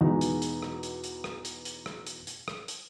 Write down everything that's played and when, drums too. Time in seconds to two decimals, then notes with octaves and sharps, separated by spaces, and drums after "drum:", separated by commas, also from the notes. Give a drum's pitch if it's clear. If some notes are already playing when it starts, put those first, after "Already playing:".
0.01 E2 B2 G#3 D#4 E4
0.21 drum: hi-hat
0.42 drum: hi-hat
0.62 drum: rim click
0.83 drum: hi-hat
1.04 drum: hi-hat
1.24 drum: rim click
1.45 drum: hi-hat
1.65 drum: hi-hat
1.86 drum: rim click
2.07 drum: hi-hat
2.27 drum: hi-hat
2.48 drum: rim click
2.68 drum: hi-hat